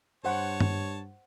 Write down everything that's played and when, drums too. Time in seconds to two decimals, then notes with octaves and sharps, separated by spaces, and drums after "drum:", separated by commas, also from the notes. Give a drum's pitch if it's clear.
0.25 G2 C5 C#5 F#5 A5
0.60 drum: tom